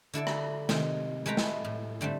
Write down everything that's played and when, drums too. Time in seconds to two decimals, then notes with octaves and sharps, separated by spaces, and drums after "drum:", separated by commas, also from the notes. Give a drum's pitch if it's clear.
0.14 D3 E4 A4 D5
0.27 drum: rim click
0.69 C3 D#3, drum: snare
1.26 G#3 A3 B4 G5 A#5
1.37 drum: snare
1.65 A2
2.01 D3 G3 A3 C4